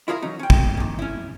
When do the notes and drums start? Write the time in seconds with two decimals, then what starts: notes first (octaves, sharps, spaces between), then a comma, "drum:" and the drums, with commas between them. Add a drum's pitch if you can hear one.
0.08 E4 F4 G#4 A#4 E5 F5
0.22 E3 F#3 C#4 D#4
0.39 C#4 G5
0.50 drum: kick
0.77 A#2 D#3
0.99 C#4 E4